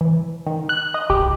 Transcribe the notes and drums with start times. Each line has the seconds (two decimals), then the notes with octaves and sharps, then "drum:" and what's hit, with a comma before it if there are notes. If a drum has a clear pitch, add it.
0.01 E3
0.47 D#3
0.69 F#6
0.94 D#5
1.10 G4, drum: kick C2